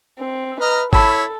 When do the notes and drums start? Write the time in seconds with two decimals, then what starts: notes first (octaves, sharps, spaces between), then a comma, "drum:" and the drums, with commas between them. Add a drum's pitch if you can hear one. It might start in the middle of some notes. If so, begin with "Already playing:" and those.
0.20 C4
0.61 B4 D#5 A#5 F6
0.93 E4 A4 C#5 A5 B5 E6, drum: kick G#1